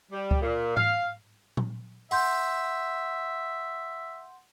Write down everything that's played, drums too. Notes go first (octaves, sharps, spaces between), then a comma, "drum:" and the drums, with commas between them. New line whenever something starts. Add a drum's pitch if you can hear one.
G3
drum: kick C#2
A#2
F5, drum: tom G#2
drum: tom A#2
E5 F#5 C6 G6, drum: open hi-hat